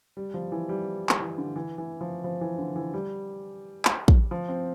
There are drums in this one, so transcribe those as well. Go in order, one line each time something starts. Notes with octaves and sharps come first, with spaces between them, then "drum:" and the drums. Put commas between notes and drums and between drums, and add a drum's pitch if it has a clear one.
G3
F3
E3
G3
drum: clap
E3
D3
E3
E3
F3
F3
E3
D3
E3
G3
drum: clap
drum: kick
F3
C4